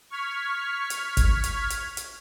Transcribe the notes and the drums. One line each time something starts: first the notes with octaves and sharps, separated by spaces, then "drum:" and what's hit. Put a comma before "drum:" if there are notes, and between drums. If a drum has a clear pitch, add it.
C#6 F6 G#6 B6
drum: hi-hat
drum: kick G#1, hi-hat
drum: hi-hat
drum: hi-hat
drum: hi-hat